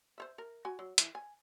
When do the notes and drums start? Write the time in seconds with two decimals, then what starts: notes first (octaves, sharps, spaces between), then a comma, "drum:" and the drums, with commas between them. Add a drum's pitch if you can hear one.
0.18 C5 C#5 E5
0.38 A#4
0.65 F#4 G#5
0.79 F#3
0.98 E3, drum: hi-hat
1.15 G#5